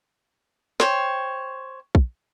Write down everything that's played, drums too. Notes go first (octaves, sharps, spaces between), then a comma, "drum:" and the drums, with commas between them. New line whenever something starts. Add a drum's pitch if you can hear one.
C5 C#5 G5, drum: snare
drum: kick